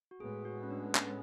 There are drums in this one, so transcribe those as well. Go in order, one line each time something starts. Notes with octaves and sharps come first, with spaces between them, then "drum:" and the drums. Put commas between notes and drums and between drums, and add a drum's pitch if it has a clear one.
F#4
A2 G#3 B3 G#4
F#4
C#4
D4
C#4, drum: clap